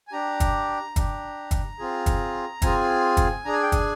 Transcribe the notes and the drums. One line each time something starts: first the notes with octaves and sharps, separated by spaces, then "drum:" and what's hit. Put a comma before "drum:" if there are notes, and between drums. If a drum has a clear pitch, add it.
G#5
D4 G4 A#5
drum: kick, hi-hat
D4 G4, drum: kick, hi-hat
drum: kick, hi-hat
C4 F4 G#4
drum: kick, hi-hat
C4 F4 G#4 G#5, drum: kick, hi-hat
drum: kick, hi-hat
D4 G#4 A#5
G#5
G5
G#5, drum: kick, hi-hat